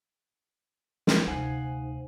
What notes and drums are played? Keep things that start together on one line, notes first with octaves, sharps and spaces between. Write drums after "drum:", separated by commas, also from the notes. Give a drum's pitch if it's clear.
drum: snare
D2 C3 D#4 C5 F5 F#5 G#5